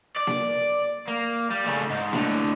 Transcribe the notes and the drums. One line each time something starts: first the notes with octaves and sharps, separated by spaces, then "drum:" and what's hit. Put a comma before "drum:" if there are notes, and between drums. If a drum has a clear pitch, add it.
D5
drum: snare A#3
A#3
G3
C#3 A3
G#2
A2 D3, drum: snare A#3